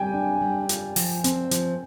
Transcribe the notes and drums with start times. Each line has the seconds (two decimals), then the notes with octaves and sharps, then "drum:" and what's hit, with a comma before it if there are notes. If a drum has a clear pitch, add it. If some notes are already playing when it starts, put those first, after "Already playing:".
Already playing: G3 G5 G#5
0.13 D4
0.41 G3
0.69 F4, drum: hi-hat
0.96 F3, drum: open hi-hat
1.24 C4, drum: hi-hat
1.51 F3, drum: hi-hat